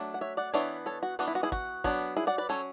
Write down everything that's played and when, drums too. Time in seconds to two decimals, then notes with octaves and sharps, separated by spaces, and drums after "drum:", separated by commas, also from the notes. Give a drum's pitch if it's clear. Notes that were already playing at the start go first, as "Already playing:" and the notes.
Already playing: F#3 A3 D4
0.14 F#5
0.21 C#5 E5
0.37 D5 F#5
0.54 E3 B3 D4 C#5 E5, drum: hi-hat
0.86 A4 C#5
1.03 F#4
1.19 E3 B3 D4 F#4, drum: hi-hat
1.28 E4
1.35 F#4
1.43 E4 G#4
1.52 F#4, drum: kick
1.84 F#3 B3 D4, drum: kick, open hi-hat
2.16 E4 G#4
2.27 D5 F#5
2.38 B4 D5
2.49 F#3 C#4 A4 C#5